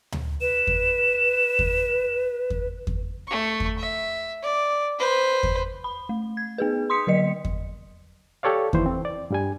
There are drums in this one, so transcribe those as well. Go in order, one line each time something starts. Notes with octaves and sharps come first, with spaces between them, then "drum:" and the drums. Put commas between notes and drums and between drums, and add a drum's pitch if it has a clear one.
drum: tom D2
B4 E7
drum: kick E2
drum: kick E2
drum: kick E2
drum: kick E2
A3 C#6
drum: kick E2
E5
D5
B4 C5
drum: kick E2
B5
A3
G#6
B3 G#4 B4
C6 D#6 B6 C#7
D3 F#3 D#5 C#7
drum: kick E2
G4 A4 C#5 D5 F5
D#2 E3 C5, drum: kick E2
C4
D5
G2 G3 G#5